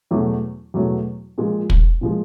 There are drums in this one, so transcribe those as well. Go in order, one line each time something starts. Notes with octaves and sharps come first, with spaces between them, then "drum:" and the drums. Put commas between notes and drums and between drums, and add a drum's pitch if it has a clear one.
E2 B2 F#3 A3
E2 B2 F#3 A3
A#2 F3 G#3
drum: kick
A#2 F3 G#3